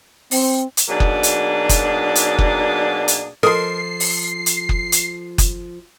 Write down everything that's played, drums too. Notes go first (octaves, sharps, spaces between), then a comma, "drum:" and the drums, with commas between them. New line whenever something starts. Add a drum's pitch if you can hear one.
C4, drum: open hi-hat
drum: hi-hat
B2 F#3 A#3 D4 D#4 G#4
drum: kick F#1
drum: hi-hat
drum: kick F#1, hi-hat
drum: hi-hat
drum: kick F#1
drum: hi-hat
F3 A4 A#4 D#5 C6 C7
drum: open hi-hat
drum: hi-hat
drum: kick F#1
drum: hi-hat
drum: kick F#1, hi-hat